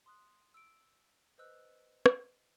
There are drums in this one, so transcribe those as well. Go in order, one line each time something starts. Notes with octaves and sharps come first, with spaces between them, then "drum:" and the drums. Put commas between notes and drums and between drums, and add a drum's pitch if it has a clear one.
C6 D#6 F#6
E6 D7
B4 C5 D#5 E6 F#6
drum: rim click